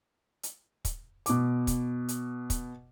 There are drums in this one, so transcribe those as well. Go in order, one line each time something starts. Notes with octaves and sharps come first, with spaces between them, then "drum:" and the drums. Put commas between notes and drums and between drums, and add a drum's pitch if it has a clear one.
drum: hi-hat
drum: kick, hi-hat
B2 D6, drum: hi-hat
drum: kick, hi-hat
drum: hi-hat
drum: kick, hi-hat